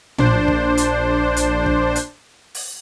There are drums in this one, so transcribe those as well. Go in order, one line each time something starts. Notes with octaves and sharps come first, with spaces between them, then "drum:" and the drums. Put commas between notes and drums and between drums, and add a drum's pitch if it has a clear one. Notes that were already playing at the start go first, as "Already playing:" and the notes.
A#1 D4 C5, drum: tom
drum: kick
drum: hi-hat
drum: hi-hat
drum: kick
drum: hi-hat
drum: open hi-hat